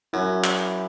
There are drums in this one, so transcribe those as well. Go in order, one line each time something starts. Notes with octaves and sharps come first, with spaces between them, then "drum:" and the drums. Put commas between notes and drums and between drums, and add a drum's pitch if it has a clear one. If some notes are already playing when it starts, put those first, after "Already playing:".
F#2 E4
drum: clap